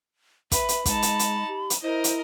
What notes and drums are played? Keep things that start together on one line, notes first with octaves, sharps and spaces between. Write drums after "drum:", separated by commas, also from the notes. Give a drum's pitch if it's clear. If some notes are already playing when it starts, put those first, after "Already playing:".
B4 E5 B5, drum: kick, hi-hat
drum: hi-hat
G#3 D#4 A5, drum: kick, hi-hat
drum: hi-hat
drum: hi-hat
G4
drum: hi-hat
E4 A#4 C5 D#5
drum: hi-hat